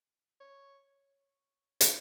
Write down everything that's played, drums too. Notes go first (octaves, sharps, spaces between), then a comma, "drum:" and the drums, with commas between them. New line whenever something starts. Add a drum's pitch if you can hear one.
C#5
A#4, drum: hi-hat